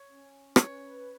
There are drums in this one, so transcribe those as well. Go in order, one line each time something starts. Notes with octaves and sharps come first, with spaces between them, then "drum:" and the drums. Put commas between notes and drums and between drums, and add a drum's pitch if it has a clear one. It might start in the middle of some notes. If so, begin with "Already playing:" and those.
Already playing: C#5
C#4
B4 C#5, drum: rim click